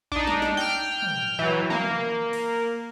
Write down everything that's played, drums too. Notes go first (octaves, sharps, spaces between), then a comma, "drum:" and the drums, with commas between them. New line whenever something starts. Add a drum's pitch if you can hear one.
D4 D#4, drum: kick A#1
drum: snare
drum: snare
G5 F6
drum: tom
E3 F#3
A#3, drum: tom
drum: cymbal